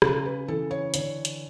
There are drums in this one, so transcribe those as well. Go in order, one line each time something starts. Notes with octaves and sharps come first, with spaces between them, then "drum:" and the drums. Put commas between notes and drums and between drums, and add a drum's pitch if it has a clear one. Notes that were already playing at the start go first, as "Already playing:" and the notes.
C#3 A4, drum: rim click
B4
E3 A4
C#5
D3 C#5, drum: hi-hat
drum: hi-hat